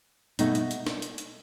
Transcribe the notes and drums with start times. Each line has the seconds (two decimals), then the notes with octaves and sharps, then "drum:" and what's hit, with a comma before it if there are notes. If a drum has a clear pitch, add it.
0.39 B2 A3 D#4, drum: hi-hat
0.55 drum: hi-hat
0.71 drum: hi-hat
0.87 drum: snare
1.02 drum: hi-hat
1.18 drum: hi-hat